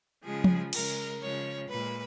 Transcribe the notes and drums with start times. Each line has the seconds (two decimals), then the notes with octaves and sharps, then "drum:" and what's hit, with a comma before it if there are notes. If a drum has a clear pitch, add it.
0.24 C#3 F3 G#3 G#4
0.44 drum: tom F3
0.73 C#3 G#3 A#4, drum: cymbal
1.21 C#3 F3 G#3 C#5
1.69 A#2 G#3 B4